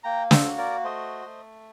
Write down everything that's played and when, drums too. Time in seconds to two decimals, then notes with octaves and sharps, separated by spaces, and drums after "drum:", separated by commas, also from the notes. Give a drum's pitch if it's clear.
0.04 A#3 G5 A#5
0.31 A4 C5, drum: snare
0.44 F#4
0.58 A#4 D5
0.84 A3 C5 D#5
1.26 A3